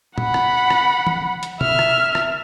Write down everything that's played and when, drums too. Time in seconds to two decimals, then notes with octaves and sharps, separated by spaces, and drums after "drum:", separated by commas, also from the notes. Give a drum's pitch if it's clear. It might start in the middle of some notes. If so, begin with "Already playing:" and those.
0.18 F#5 B5, drum: tom A#2
0.34 drum: rim click
0.70 drum: rim click
1.07 drum: tom
1.43 drum: hi-hat
1.61 E5 F6, drum: tom
1.79 drum: rim click
2.15 drum: rim click